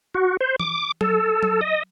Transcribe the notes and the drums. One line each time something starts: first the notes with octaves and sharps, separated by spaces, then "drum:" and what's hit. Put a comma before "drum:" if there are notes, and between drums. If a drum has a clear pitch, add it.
F#4
C5
D6, drum: tom E3
A4, drum: tom F#3
drum: tom F#3
D#5